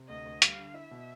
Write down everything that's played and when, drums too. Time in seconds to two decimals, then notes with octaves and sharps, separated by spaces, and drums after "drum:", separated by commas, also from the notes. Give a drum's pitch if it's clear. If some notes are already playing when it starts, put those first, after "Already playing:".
Already playing: C3
0.09 D2 D#5
0.26 D2
0.42 G3 F5, drum: hi-hat
0.59 D3
0.74 E4 E5
0.91 B2